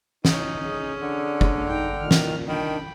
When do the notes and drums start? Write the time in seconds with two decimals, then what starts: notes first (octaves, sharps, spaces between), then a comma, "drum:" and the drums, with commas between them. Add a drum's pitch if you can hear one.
0.25 C#4 D#4, drum: snare
0.64 G#4
1.01 D3 D4
1.41 drum: kick
1.69 D#4 G5 A#5
2.00 A#2 D#3 F6
2.11 drum: snare
2.48 D#3 D4 G5 B5